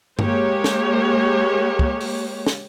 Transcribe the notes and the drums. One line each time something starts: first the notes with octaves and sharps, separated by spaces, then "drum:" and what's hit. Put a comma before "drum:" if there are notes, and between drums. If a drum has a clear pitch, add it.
G#3 A#3 G4 C#5, drum: tom G2
drum: snare
drum: kick
drum: open hi-hat
drum: snare